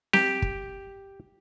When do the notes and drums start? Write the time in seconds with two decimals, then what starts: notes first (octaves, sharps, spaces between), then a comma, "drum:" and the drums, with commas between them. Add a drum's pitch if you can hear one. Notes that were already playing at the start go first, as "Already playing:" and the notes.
0.13 G4, drum: snare C4
0.42 drum: kick